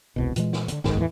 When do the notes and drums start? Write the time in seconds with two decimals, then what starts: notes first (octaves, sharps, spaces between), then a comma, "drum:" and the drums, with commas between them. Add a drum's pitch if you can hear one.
0.16 E1 C2 B2
0.36 A#2 E3 F3 G#3, drum: hi-hat
0.53 drum: snare
0.68 A#2 D3, drum: hi-hat
0.84 F#1 B1 G#2 D#3, drum: snare
0.97 E2 A2 D#3 E3